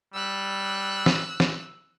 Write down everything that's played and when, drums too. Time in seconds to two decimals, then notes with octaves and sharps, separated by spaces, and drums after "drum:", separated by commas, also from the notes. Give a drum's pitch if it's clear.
0.14 G3 E6 F#6
1.06 drum: snare
1.40 drum: snare